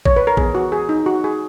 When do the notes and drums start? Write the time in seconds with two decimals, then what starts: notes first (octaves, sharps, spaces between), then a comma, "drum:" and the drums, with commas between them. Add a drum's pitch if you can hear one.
0.05 C#5, drum: kick A#1
0.16 B4
0.27 A#4
0.37 E3 B3 G#4, drum: kick A#1
0.55 F#4
0.72 G#4
0.89 D#4
1.06 F#4
1.24 G#4